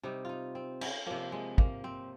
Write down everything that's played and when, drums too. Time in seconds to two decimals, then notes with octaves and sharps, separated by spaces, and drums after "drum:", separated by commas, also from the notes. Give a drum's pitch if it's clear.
0.03 C3 G3 D#4
0.25 D#4 F4
0.55 C4
0.81 C#4, drum: cymbal
1.06 C3 F3 A#3
1.32 G#3
1.58 A#3, drum: kick
1.84 C4